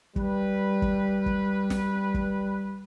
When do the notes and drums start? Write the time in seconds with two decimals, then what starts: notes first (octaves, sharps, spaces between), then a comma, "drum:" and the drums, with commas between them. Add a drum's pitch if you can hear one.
0.16 G3 B4, drum: kick
0.82 drum: kick
1.26 drum: kick
1.70 drum: snare
2.14 drum: kick